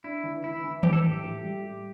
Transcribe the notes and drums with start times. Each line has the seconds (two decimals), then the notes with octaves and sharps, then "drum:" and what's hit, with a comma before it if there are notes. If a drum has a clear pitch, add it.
0.04 D4 E4
0.24 E3
0.44 E3 E4
0.64 E3
0.83 E3 G4, drum: tom D#3
0.93 A4
1.02 A2 G4
1.23 A2
1.43 G3
1.62 G3